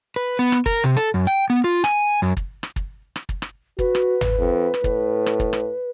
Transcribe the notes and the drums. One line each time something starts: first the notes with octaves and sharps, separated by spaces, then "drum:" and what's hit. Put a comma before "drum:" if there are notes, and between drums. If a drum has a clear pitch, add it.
B4
B3
drum: rim click
A#4, drum: kick
C3
A4
F#2
G5
B3
F4
G#5, drum: rim click
F#2
drum: kick
drum: rim click
drum: kick
drum: rim click
drum: kick
drum: rim click
F#4 B4, drum: kick
drum: rim click
drum: tom
F2
drum: rim click
A2, drum: kick
drum: rim click
drum: kick
drum: rim click